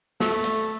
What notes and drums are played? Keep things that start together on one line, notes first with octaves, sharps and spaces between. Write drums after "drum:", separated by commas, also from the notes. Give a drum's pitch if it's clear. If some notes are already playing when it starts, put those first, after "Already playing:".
A3, drum: snare
drum: hi-hat